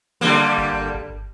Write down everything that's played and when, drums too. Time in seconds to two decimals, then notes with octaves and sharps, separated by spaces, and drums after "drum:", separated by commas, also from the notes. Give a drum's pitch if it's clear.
0.21 D3 G3 A#3
0.58 drum: kick G1
0.94 drum: kick G1